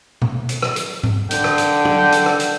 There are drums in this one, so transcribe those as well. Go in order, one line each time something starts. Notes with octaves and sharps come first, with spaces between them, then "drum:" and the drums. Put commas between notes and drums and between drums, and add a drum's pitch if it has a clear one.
drum: tom B2
drum: hi-hat
drum: rim click
drum: hi-hat
drum: tom G#2
D3 G5, drum: hi-hat
drum: rim click
drum: hi-hat
drum: tom
drum: hi-hat
drum: rim click
drum: hi-hat